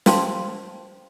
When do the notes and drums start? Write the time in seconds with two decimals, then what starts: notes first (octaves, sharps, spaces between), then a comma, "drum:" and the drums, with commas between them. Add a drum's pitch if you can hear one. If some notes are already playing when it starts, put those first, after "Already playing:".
0.06 C5 F5 G5 A5 C6, drum: snare